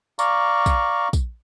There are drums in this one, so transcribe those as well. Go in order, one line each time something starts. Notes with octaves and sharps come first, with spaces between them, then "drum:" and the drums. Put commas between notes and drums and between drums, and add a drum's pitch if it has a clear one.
D5 F5 A#5 C#6, drum: tambourine
drum: kick, tambourine
drum: kick, tambourine